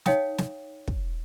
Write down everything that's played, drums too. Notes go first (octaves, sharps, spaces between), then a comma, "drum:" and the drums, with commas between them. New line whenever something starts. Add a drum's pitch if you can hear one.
D#4 C#5 F5 G5 D#6, drum: snare
drum: snare
drum: kick